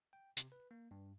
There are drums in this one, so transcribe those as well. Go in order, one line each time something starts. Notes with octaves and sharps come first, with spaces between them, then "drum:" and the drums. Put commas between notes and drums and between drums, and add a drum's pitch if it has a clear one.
G5
C3, drum: hi-hat
B4
A#3
G2